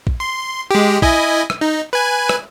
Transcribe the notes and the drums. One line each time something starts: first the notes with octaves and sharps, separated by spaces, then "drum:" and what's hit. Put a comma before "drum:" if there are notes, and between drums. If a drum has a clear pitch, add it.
drum: kick
C6
G#3 G4
E4 D#5 G#5, drum: kick
drum: rim click
D#4
B4 G#5
drum: rim click